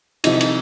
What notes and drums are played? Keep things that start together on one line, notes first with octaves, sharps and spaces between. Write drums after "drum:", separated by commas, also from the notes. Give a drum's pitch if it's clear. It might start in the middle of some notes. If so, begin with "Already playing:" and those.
C2 C3 F3 D#4 D#5, drum: cymbal
drum: cymbal